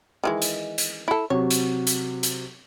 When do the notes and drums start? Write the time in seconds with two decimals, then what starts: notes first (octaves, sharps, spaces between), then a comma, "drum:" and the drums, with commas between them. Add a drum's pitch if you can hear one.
0.24 D#3 E3 G#3
0.42 drum: hi-hat
0.78 drum: hi-hat
1.08 E4 A4
1.30 C3 F#3 C#5
1.50 drum: hi-hat
1.87 drum: hi-hat
2.23 drum: hi-hat